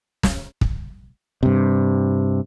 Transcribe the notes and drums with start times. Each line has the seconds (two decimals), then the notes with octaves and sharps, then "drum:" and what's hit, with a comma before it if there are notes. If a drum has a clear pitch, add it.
0.23 drum: snare
0.61 drum: kick
1.43 G2 C3